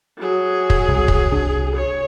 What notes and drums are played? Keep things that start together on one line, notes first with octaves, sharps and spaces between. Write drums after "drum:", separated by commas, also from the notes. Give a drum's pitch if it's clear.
F#3 G#4
drum: kick
C2
drum: kick
C2 D4
C#5